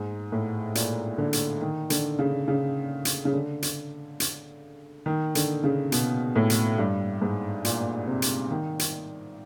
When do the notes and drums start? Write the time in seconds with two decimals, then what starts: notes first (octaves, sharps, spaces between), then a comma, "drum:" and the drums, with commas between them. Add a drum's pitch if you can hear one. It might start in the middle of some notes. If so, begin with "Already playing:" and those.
Already playing: G#2
0.32 A2
0.75 A#2, drum: hi-hat
1.18 D3
1.33 drum: hi-hat
1.61 D#3
1.90 D3, drum: hi-hat
2.19 C#3
2.48 C#3
3.05 drum: hi-hat
3.25 C#3
3.33 D3
3.62 drum: hi-hat
4.20 drum: hi-hat
5.06 D#3
5.35 D3, drum: hi-hat
5.64 C#3
5.92 B2, drum: hi-hat
6.36 A2
6.50 drum: hi-hat
6.78 G2
7.22 G#2
7.65 A#2, drum: hi-hat
8.07 C3
8.22 drum: hi-hat
8.51 D#3
8.79 drum: hi-hat